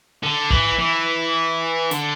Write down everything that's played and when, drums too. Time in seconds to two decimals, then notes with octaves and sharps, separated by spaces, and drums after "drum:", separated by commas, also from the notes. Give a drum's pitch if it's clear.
0.23 D3
0.50 E3, drum: kick G#1
0.79 E3
1.91 D3, drum: hi-hat